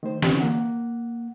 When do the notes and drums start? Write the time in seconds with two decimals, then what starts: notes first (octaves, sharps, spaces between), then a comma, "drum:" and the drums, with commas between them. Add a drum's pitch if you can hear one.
0.03 D#3 A3 C5
0.22 D3 E3 C4 C#4, drum: snare
0.41 A#3 F#5